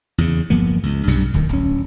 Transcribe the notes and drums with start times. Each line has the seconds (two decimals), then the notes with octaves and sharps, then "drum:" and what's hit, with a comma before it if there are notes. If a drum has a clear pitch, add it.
0.18 E2 C#3
0.50 G1 F3 A#3 B3
0.83 C#2
1.08 B1 G2 C3 G3, drum: open hi-hat
1.34 D2 D#3, drum: kick
1.49 D1 C#4, drum: kick